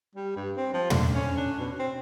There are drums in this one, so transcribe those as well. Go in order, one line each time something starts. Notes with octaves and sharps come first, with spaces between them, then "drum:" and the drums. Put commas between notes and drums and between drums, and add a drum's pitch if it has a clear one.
G3
G2
C4
F3
D3, drum: tom
C#4
D4
B2
C4